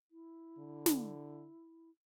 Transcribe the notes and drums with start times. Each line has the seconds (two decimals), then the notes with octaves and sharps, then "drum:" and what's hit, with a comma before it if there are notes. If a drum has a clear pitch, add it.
0.11 E4
0.58 D3
0.86 drum: snare